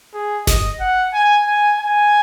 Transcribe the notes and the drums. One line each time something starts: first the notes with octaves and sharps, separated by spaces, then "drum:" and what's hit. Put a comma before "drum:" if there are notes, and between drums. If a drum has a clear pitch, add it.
G#4
D#5, drum: snare G1
F#5
G#5
G#5
G#5